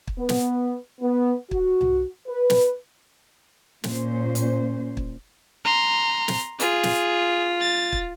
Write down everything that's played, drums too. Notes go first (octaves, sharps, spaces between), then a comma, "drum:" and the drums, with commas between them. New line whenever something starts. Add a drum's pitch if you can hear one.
drum: kick
B3
drum: snare
B3
F#4, drum: kick
drum: tom C2
B4
drum: snare
A#2 C#4 C5, drum: snare
drum: hi-hat
drum: kick
A#5 C6
drum: snare
F4 G#4, drum: hi-hat
drum: snare
A6
drum: kick